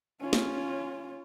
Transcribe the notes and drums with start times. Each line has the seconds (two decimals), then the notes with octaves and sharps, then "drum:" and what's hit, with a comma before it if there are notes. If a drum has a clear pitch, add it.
0.20 C#4 F4
0.33 drum: snare